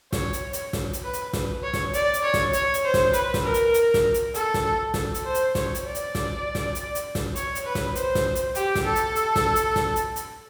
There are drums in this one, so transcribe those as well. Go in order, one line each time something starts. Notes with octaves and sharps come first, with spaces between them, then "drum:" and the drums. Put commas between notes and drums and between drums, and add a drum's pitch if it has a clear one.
C#5, drum: snare
drum: hi-hat
drum: hi-hat
drum: snare
drum: hi-hat
B4
drum: hi-hat
drum: snare
C#5
drum: snare
D5, drum: hi-hat
drum: hi-hat
C#5
drum: snare
C#5, drum: hi-hat
drum: hi-hat
C5
drum: snare
B4, drum: hi-hat
drum: snare
A#4
drum: hi-hat
drum: hi-hat
drum: snare
drum: hi-hat
A4, drum: hi-hat
drum: snare
A4, drum: snare
drum: hi-hat
C5
drum: hi-hat
C#5, drum: snare
drum: hi-hat
D5
drum: hi-hat
drum: snare
drum: snare
drum: hi-hat
drum: hi-hat
drum: snare
C#5, drum: hi-hat
drum: hi-hat
B4
drum: snare
C5, drum: hi-hat
drum: snare
drum: hi-hat
G4, drum: hi-hat
drum: snare
A4
drum: hi-hat
drum: hi-hat
drum: snare
drum: hi-hat
drum: snare
drum: hi-hat
drum: hi-hat